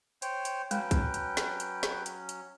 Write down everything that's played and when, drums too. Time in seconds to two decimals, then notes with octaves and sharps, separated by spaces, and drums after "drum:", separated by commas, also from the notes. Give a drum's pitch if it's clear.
0.22 C5 C#5 G5, drum: hi-hat
0.45 drum: hi-hat
0.71 F#3 G#3 C#4 B4 G5, drum: hi-hat
0.91 drum: kick, hi-hat
1.14 drum: hi-hat
1.37 drum: snare
1.60 drum: hi-hat
1.83 drum: snare
2.06 drum: hi-hat
2.29 drum: hi-hat